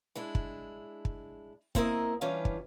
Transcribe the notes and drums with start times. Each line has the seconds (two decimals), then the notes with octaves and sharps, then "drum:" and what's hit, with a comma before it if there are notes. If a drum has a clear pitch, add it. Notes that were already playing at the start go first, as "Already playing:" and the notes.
0.16 G#3 D4 E4
0.35 drum: kick
1.05 drum: kick
1.75 A#3 C4 E4 A#4 D#5, drum: kick
2.21 E3 G3 C#4 D4 F4 B4
2.45 drum: kick